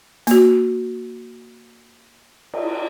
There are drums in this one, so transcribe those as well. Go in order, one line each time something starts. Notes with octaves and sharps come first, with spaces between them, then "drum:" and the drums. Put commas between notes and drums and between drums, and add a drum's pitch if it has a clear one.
A#3 F#4, drum: hi-hat
drum: cymbal